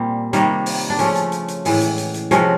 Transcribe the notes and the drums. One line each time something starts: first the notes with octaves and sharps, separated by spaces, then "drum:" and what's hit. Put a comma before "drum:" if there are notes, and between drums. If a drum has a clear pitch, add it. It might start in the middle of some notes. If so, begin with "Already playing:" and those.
Already playing: A#2 G3 A#3 C4
C3 D#3 G3 A#3, drum: hi-hat
drum: open hi-hat
D4
C#3 F3 A3 C#4, drum: hi-hat
drum: hi-hat
drum: hi-hat
drum: hi-hat
A2 E3 G#3, drum: open hi-hat
drum: hi-hat
drum: hi-hat
drum: hi-hat
C3 F3 G#3 C#4, drum: hi-hat